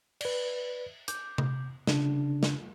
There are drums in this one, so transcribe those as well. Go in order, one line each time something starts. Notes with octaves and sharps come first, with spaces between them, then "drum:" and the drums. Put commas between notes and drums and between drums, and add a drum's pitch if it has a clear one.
B4 D5, drum: cymbal
D6 G6, drum: hi-hat
drum: tom C3
C#3 D4, drum: snare
drum: snare